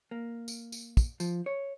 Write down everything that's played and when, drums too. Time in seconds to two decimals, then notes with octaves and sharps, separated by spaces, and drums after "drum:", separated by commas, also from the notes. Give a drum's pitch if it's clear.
0.11 A#3
0.48 drum: tambourine
0.72 drum: tambourine
0.97 drum: kick, tambourine
1.20 F3, drum: tambourine
1.46 C#5